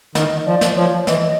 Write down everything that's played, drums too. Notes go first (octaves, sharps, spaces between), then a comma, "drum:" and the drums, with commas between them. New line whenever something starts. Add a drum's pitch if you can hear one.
D#3 D#5, drum: snare
F3 D5
drum: snare
F3 C#5
E3 D#5, drum: snare